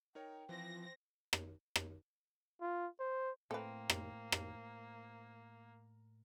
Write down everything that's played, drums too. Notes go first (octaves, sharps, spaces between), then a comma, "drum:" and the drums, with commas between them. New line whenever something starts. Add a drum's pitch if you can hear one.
D#4 A#4 C#5 G5
E3 F3 C4 A#6
drum: rim click
drum: rim click
F4
C5
A2 A#3 C4 A4 B4
drum: rim click
drum: rim click